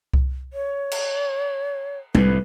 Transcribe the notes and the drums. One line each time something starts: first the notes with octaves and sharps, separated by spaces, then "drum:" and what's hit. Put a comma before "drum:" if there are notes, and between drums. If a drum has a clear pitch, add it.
drum: kick C2
C#5
drum: cymbal
C2 A2 B4, drum: tom G3